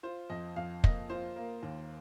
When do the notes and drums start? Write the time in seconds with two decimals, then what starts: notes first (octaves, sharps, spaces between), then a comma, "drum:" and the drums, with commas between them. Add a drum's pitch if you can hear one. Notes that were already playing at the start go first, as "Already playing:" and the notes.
0.03 F4 C5
0.30 F2 D#5
0.56 F2 F5
0.84 A#3 D#5, drum: kick
1.10 F4 C5
1.36 A#3 A#4
1.63 D#2